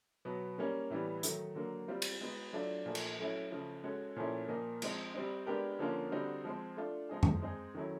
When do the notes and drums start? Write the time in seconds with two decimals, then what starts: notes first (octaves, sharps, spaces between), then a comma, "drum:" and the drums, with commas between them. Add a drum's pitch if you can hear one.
0.25 B2 F#3 B3
0.58 G3 A#3 C#4
0.90 A2 E3 G3 B3
1.23 D#3 F#3 A3, drum: hi-hat
1.55 D3 F#3 A#3
1.88 G3 C4 F4
2.02 drum: cymbal
2.21 G#3 B3 D#4 F#4
2.53 F#3 A3 D4 F4
2.86 A#2 F3 A3
2.95 drum: cymbal
3.18 F#3 A3 C#4 E4
3.51 C#3 F3 A3
3.84 G#3 C#4 F#4 A4
4.16 A#2 F3 A3 C#4 E4
4.48 A#2 F3 A#3 D#4
4.82 F3 G#3 C4 D#4, drum: cymbal
5.14 G3 C4 D#4
5.46 G#3 B3 D4 G4 A#4
5.79 D3 F3 A#3 C#4 F4
6.12 D3 G3 C4 D#4 F#4
6.44 F3 G#3 C4
6.77 A3 D4 F4
7.09 F3 G#3 C4 D#4 G#4
7.23 drum: tom F#2
7.42 G#3 C4 D#4 G#4
7.74 D#3 F#3 A3 C#4 E4